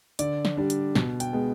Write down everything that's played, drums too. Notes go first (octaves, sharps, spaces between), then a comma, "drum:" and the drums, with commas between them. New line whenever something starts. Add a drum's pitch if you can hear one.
D3 D5, drum: hi-hat
drum: snare
G3 D4
drum: hi-hat
B2, drum: snare
G5, drum: hi-hat
G#3 B3